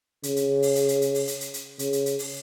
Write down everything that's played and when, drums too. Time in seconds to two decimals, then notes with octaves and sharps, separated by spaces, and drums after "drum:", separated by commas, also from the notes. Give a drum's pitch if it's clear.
0.23 C#3, drum: hi-hat
0.36 drum: hi-hat
0.62 drum: open hi-hat
0.76 drum: hi-hat
0.89 drum: hi-hat
1.02 drum: hi-hat
1.15 drum: open hi-hat
1.28 drum: hi-hat
1.41 drum: hi-hat
1.54 drum: hi-hat
1.79 C#3, drum: hi-hat
1.93 drum: hi-hat
2.06 drum: hi-hat
2.19 drum: open hi-hat